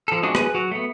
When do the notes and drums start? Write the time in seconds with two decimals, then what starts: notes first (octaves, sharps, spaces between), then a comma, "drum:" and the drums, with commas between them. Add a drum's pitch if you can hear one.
0.08 F3 A4
0.23 G#3 C4 D4 F#4 D#6
0.35 G#4 B4, drum: rim click
0.55 F#3 F#4
0.71 A3 B3